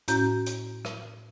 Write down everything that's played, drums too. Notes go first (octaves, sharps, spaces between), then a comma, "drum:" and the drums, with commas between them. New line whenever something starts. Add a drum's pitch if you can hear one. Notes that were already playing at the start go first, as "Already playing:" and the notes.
A2 C#4 E4 F#4 A#5 G6, drum: hi-hat
drum: hi-hat
drum: rim click